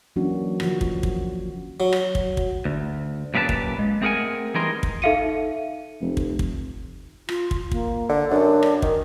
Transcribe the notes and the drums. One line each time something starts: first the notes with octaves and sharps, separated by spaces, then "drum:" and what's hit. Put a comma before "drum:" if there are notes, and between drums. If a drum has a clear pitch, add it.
E3 F#3 A#3 C#4 D4 F#4
D3 F3 F#4, drum: rim click
drum: kick
drum: kick
F#3
drum: rim click
drum: kick
drum: kick
D2
F#2 A#2 G4 G#4 B4 A5
drum: kick
G#3
A3 C4 G#4 A#4 F#5 G#5
E3 G3 D#4 G#4 A#4 C6
drum: kick
D#4 A4 E5 F5 C#7 D#7
F1
drum: kick
drum: kick
F4, drum: rim click
drum: kick
A#3, drum: kick
D3
F#2 D4
drum: rim click
D#3, drum: kick